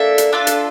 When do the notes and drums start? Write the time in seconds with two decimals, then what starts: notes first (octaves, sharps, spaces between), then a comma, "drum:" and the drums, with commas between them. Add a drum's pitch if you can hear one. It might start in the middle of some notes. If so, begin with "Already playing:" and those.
Already playing: A#3 D4 A4 E5
0.18 drum: hi-hat
0.33 D4 F4 A4
0.47 drum: hi-hat